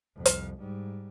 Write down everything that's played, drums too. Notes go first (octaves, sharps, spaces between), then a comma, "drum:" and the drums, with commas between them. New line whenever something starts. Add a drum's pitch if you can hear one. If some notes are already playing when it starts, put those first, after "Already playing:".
C2 F2
drum: hi-hat
G#2 G3